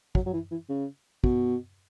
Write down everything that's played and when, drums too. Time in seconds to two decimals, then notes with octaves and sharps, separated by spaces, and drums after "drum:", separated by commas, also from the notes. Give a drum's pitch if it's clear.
0.15 F#3, drum: kick
0.26 F#3
0.33 E3
0.51 E3
0.69 C#3
1.24 B2, drum: kick